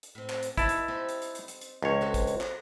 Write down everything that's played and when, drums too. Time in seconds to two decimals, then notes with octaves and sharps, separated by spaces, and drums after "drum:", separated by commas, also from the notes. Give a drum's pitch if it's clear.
0.03 drum: hi-hat
0.15 A2 C4
0.29 drum: clap
0.43 drum: hi-hat
0.58 G3 B3 D#4 E4 A5, drum: kick, hi-hat
0.69 drum: hi-hat
0.88 C4 D#4 G4
1.09 drum: hi-hat
1.22 drum: hi-hat
1.35 drum: hi-hat
1.48 drum: hi-hat
1.61 drum: hi-hat
1.83 C#2 F3 C#5
2.01 C4 F#4 A4
2.14 drum: kick, hi-hat
2.27 drum: hi-hat
2.41 drum: clap